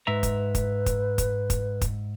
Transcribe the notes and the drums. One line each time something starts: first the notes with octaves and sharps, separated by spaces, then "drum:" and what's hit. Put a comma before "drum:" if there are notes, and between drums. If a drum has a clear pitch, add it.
G#2 B4 E5 A#5
drum: kick, hi-hat
drum: kick, hi-hat
drum: kick, hi-hat
drum: kick, hi-hat
drum: kick, hi-hat
drum: kick, hi-hat